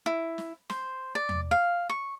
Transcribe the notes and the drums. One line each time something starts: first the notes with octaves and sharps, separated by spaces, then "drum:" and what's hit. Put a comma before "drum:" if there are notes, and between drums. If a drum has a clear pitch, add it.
E4
drum: snare
C5, drum: snare
D5
drum: tom E2
F5
C#6